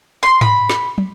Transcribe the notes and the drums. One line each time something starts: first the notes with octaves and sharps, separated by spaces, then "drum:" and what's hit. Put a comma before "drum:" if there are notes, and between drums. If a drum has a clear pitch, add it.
C6
B5, drum: tom G#2
drum: snare
drum: tom